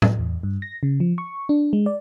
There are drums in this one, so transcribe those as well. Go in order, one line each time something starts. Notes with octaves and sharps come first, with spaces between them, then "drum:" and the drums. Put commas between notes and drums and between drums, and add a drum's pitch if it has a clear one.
drum: tom A2
E2
G2
A#6
C#3
F3
C#6
D4
G#3
D5